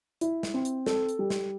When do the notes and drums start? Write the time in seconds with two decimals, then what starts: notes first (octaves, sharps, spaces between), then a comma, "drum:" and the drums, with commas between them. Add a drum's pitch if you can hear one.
0.21 E4, drum: hi-hat
0.43 drum: snare
0.54 C4
0.65 drum: hi-hat
0.86 A4, drum: snare
1.09 drum: hi-hat
1.19 G3
1.30 drum: snare